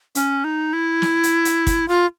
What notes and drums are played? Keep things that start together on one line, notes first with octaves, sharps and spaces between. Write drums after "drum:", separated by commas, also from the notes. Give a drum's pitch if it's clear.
C#4, drum: hi-hat
D#4
E4
drum: snare
drum: hi-hat
drum: hi-hat
drum: kick, hi-hat
F4